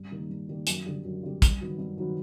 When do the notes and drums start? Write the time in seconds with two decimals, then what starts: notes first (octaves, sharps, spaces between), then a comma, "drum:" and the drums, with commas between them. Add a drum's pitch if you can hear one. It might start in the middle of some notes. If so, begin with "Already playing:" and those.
Already playing: G2
0.11 D#3 G3 A#3
0.29 G2
0.48 D#3 G3 A#3
0.67 F#2, drum: hi-hat
0.86 D3 G3
1.05 F#2
1.23 D3 G3
1.42 G2, drum: kick, hi-hat
1.61 D#3 F#3 B3
1.79 G2
1.97 D#3 F#3 B3